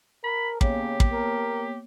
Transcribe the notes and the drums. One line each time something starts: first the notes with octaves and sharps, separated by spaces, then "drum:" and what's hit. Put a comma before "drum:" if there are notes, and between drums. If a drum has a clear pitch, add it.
A#4 B5
C#3 A#3 B3 G4 C#5, drum: kick
drum: kick
A#4